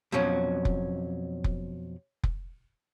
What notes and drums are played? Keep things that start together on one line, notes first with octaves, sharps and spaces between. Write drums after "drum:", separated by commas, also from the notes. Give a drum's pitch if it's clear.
F2 B2 F#3 C#4
drum: kick F1
drum: kick F1
drum: kick F1